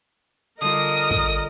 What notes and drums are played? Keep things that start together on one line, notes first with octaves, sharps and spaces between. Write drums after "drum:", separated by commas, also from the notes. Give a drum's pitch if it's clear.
D3 G3 F4 A#4 D#5 D#6
drum: kick